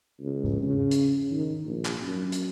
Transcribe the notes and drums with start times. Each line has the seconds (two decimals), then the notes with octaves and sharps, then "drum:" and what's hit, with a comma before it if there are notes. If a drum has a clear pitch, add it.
0.21 C#2
0.44 drum: tom G#2
0.63 C#3
0.91 drum: hi-hat
1.31 D#3
1.64 A#1
1.85 drum: clap
2.02 F#2
2.32 drum: hi-hat